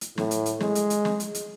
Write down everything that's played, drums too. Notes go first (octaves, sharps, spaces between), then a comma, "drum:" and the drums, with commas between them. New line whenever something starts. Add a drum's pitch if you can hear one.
drum: hi-hat
A2, drum: snare
drum: hi-hat
drum: hi-hat
G#3, drum: snare
drum: hi-hat
drum: hi-hat
drum: snare
drum: hi-hat
drum: hi-hat